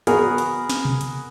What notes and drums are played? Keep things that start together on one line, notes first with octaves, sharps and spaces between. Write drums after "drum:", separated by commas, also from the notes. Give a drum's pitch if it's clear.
B3 F#4 G#4 A#4, drum: hi-hat
drum: hi-hat
drum: snare
drum: tom B2
drum: hi-hat